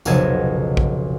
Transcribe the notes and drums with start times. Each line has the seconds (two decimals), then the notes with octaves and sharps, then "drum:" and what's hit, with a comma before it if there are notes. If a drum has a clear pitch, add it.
0.05 F1 B1 C#3 A4 D#5 G#6, drum: tambourine
0.77 drum: kick A#1